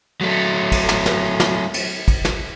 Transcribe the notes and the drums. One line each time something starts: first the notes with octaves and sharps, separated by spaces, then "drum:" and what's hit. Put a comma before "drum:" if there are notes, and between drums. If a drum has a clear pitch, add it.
F#3 A3
drum: kick, cymbal
drum: snare
drum: snare
drum: snare
drum: cymbal
drum: kick, cymbal
drum: snare